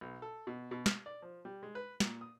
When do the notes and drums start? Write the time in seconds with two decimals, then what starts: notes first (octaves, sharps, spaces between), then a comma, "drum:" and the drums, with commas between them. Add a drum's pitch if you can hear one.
0.01 B1
0.22 A4
0.47 B2
0.71 B2
0.86 F6, drum: snare
1.06 D5
1.22 F3
1.45 G3
1.63 G#3
1.75 B4
2.00 A#2, drum: snare
2.21 D#6